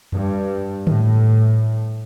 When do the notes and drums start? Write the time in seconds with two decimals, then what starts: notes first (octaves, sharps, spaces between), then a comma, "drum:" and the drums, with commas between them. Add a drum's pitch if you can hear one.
0.12 G2, drum: tom F2
0.87 A2, drum: tom D3